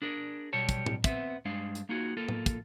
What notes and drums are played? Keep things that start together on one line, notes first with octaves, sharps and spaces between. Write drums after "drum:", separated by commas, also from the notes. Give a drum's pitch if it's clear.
D4 G#4 A#4
B1 B2 G3 G4 C#5 A5
drum: kick, hi-hat
drum: tom A2
B3 C4 E5, drum: kick, hi-hat
G2 G#3 D4 F5
drum: hi-hat
A#3 D#4 F4 F#4 G#4
A#3 F4 A4
drum: tom A2
drum: kick, hi-hat